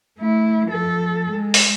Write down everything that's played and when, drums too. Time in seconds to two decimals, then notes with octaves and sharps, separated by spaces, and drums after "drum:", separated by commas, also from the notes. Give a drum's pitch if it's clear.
0.18 A3 E4
0.68 F3 A4
1.31 G#3
1.54 drum: open hi-hat